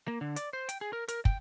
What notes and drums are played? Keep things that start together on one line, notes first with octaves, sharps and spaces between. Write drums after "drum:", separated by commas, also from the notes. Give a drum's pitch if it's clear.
A#3
D3
D5, drum: hi-hat
C5
G5, drum: hi-hat
G#4
A#4
A#4, drum: hi-hat
G5, drum: kick